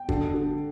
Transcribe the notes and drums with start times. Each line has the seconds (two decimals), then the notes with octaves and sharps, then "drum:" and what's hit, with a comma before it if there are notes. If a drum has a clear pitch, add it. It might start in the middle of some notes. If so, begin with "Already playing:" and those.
Already playing: G5
0.09 D3, drum: kick F#1
0.34 D3